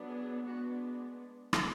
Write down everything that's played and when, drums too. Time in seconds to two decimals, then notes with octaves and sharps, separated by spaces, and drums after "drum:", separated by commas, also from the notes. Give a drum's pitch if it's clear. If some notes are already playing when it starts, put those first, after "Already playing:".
Already playing: F#3 B3 D4
0.09 G#4
0.45 G#3 B3 D4 F#4
1.53 drum: rim click